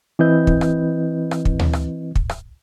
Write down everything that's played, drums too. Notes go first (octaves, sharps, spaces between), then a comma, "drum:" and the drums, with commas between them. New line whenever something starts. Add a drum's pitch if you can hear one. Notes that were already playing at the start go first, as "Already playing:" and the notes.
E3 C4 E4 B4 D#5 G6
drum: kick
drum: rim click
drum: rim click
drum: kick
drum: tom D2
drum: rim click
drum: kick
drum: rim click